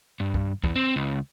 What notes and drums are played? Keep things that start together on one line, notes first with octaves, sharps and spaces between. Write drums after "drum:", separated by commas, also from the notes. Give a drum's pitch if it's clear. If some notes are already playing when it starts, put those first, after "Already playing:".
G2
drum: kick
E2, drum: kick
C4
C#2